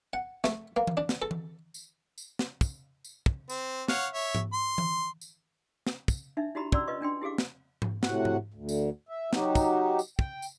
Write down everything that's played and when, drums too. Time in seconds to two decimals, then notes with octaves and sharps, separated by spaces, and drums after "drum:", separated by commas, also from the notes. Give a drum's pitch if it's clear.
0.13 F#5
0.44 A3, drum: snare
0.76 A#3
0.87 drum: tom E3
0.97 D4
1.09 drum: snare
1.22 A4
1.31 drum: tom E3
1.74 drum: tambourine
2.18 drum: tambourine
2.39 drum: snare
2.61 drum: kick, tambourine
3.04 drum: tambourine
3.26 drum: kick
3.49 C4, drum: tambourine
3.88 C#5 F5 F#5, drum: snare
4.13 C#5 E5
4.35 drum: tom G#2
4.53 C6
4.78 drum: tom E3
5.21 drum: tambourine
5.87 drum: snare
6.08 drum: kick, tambourine
6.37 D4 D#4 E5
6.55 D#4 E4 F#4 G4 A#5 B5
6.72 C#4 F#4 D5 A#5 C6 E6, drum: kick
6.88 F4 B4 D#5 C#6
7.01 C#4 D4 G5 C6
7.22 E4 G4 G#4 F5 D6
7.38 drum: snare
7.82 drum: tom G#2
8.03 A2 C3 F#4 F#5, drum: snare
8.25 drum: tom G#2
8.54 D2
8.69 drum: tambourine
9.09 E5
9.33 F#3 D#4 F#4 G4, drum: snare
9.55 drum: kick, tambourine
9.99 drum: tambourine
10.19 G5, drum: kick
10.42 drum: tambourine